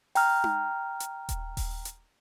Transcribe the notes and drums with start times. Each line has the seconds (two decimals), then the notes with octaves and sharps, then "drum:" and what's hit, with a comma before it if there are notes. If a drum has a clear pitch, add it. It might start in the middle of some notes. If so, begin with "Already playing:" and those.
0.15 G5 A#5 F6, drum: open hi-hat
0.44 drum: tom D#4
1.00 drum: hi-hat
1.29 drum: kick D#1, hi-hat
1.57 drum: kick D#1, open hi-hat
1.85 drum: hi-hat